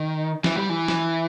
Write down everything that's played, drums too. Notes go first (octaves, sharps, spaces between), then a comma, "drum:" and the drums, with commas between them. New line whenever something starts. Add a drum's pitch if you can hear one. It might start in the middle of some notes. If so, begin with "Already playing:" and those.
Already playing: D#3
E3, drum: snare
G3
E3
drum: snare